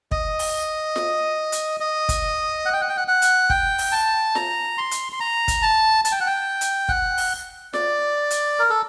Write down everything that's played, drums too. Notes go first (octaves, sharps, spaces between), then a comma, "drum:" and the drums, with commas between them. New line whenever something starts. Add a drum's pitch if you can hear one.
D#5, drum: kick
drum: open hi-hat
drum: snare F4
drum: hi-hat
D#5
drum: kick, hi-hat
F#5
G5
F#5
G5
F#5
F#5
drum: hi-hat
G5, drum: kick
drum: open hi-hat
A5
A#5, drum: snare F4
C6
drum: hi-hat
C6
A#5
drum: kick, hi-hat
A5
A5, drum: hi-hat
G5
F#5
G5
drum: hi-hat
F#5, drum: kick
drum: open hi-hat
D5, drum: snare F4
drum: hi-hat
A#4
A4